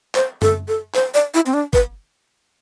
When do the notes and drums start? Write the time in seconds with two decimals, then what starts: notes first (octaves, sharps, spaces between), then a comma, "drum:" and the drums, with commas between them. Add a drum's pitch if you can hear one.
0.15 C5, drum: clap
0.42 A4, drum: tom F#2
0.68 A4
0.95 C5, drum: clap
1.14 D5
1.34 E4
1.46 C4
1.54 D4
1.73 B4, drum: kick